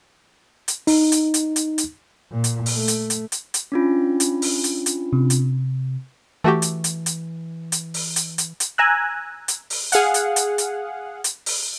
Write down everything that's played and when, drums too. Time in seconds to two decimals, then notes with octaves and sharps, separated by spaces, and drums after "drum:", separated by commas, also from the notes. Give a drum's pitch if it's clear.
0.68 drum: hi-hat
0.87 D#4, drum: open hi-hat
1.12 drum: hi-hat
1.34 drum: hi-hat
1.56 drum: hi-hat
1.78 drum: hi-hat
2.32 A#2
2.44 drum: hi-hat
2.66 drum: open hi-hat
2.76 A3
2.88 drum: hi-hat
3.10 drum: hi-hat
3.32 drum: hi-hat
3.54 drum: hi-hat
3.72 C#4 D4 F4
4.20 drum: hi-hat
4.42 drum: open hi-hat
4.64 drum: hi-hat
4.86 drum: hi-hat
5.13 C3
5.30 drum: hi-hat
6.44 E3 A3 F#4 G4
6.62 drum: hi-hat
6.84 drum: hi-hat
7.06 drum: hi-hat
7.72 drum: hi-hat
7.94 drum: open hi-hat
8.16 drum: hi-hat
8.38 drum: hi-hat
8.60 drum: hi-hat
8.78 G#5 A#5 E6 F#6
9.48 drum: hi-hat
9.70 drum: open hi-hat
9.92 G#4 F5 F#5, drum: hi-hat
10.14 drum: hi-hat
10.36 drum: hi-hat
10.58 drum: hi-hat
11.24 drum: hi-hat
11.46 drum: open hi-hat